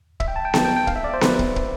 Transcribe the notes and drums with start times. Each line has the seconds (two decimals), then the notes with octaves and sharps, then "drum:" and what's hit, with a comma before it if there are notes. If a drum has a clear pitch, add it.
0.20 E5, drum: kick
0.28 G5
0.36 A5
0.45 G5
0.54 A5, drum: snare B3
0.65 G5
0.76 G5
0.87 F5, drum: kick
0.96 E5
1.04 D5
1.14 C5
1.21 B4, drum: snare B3
1.39 drum: kick
1.56 drum: kick